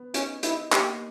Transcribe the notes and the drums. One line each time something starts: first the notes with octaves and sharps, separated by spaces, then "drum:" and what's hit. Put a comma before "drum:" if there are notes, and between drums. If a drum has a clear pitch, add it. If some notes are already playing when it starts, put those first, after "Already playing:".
Already playing: B3
C#4 D#4, drum: hi-hat
D#4 E4, drum: hi-hat
A#3 G4, drum: clap